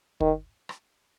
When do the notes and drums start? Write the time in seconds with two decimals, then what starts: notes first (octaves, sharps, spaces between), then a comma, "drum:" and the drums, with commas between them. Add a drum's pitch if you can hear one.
0.20 D#3, drum: kick
0.69 drum: rim click